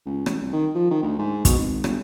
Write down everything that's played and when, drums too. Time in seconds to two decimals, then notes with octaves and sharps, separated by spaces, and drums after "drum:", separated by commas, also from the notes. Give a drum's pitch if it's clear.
0.06 C#2
0.26 A1, drum: rim click
0.40 C2
0.53 D#3
0.75 F3
0.90 D#3
1.03 D2
1.19 G#2
1.45 B2, drum: kick, hi-hat
1.58 G#1
1.84 G1, drum: rim click